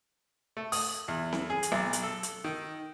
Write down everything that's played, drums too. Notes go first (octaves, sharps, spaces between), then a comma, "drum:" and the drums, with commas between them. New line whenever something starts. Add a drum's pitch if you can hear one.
A3
D#6, drum: open hi-hat
E2
drum: snare C4
G#4
drum: hi-hat
B1
drum: hi-hat
A4
drum: hi-hat
D#3